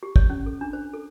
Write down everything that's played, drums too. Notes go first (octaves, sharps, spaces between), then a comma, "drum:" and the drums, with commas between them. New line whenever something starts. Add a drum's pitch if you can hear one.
G4
C#5, drum: kick
C#4
A4
D4
C5
A4